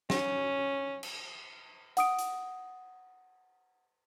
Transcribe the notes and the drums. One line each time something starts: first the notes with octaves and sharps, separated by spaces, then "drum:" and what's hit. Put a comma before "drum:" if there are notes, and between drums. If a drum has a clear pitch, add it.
C#4, drum: snare
drum: cymbal
F#5 D#6 D7, drum: hi-hat
drum: hi-hat